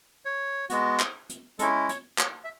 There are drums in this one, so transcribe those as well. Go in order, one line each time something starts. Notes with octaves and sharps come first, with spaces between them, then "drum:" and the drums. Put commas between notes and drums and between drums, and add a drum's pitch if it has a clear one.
C#5
G#3 B3 F#4, drum: hi-hat
drum: clap
drum: hi-hat
G#3 C#4 E4 A4, drum: hi-hat
C#5, drum: hi-hat
C#5, drum: clap
E5